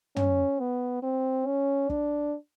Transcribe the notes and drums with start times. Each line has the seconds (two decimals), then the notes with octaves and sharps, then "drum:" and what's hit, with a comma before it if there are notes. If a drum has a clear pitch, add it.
0.16 C#4, drum: tom
0.60 B3
1.03 C4
1.46 C#4
1.89 D4, drum: kick